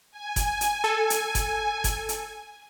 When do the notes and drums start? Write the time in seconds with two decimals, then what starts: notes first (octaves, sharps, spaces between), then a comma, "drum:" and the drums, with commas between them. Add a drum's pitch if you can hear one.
0.11 G#5
0.36 drum: kick F#1, hi-hat
0.61 drum: hi-hat
0.84 A4
1.10 drum: hi-hat
1.35 drum: kick F#1, hi-hat
1.84 drum: kick F#1, hi-hat
2.09 drum: hi-hat